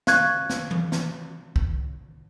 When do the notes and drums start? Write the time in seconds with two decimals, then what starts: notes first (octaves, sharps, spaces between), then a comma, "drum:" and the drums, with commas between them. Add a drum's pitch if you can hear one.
0.07 F5 C#6 F#6 G#6, drum: snare
0.50 drum: snare
0.71 drum: tom E3
0.92 drum: snare
1.56 drum: kick